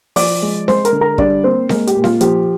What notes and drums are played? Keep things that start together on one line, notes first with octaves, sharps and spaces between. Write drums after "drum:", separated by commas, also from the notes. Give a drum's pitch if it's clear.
F3 D5 D6, drum: open hi-hat
G#3
G#3 C5 C6, drum: snare C4
A#4 A#5, drum: hi-hat
D3
A#4 A#5
G3 D4 D5, drum: kick
A#3 C4 C5
G#3 A#3 A#4, drum: snare C4
G4, drum: hi-hat
A#2
F4, drum: snare C4
F3 G4, drum: hi-hat